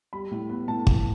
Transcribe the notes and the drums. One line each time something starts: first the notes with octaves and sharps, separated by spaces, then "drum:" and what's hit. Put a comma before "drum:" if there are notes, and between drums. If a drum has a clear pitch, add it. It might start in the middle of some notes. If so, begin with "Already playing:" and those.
G3 B5
A2
B3
A2 A5
A2, drum: kick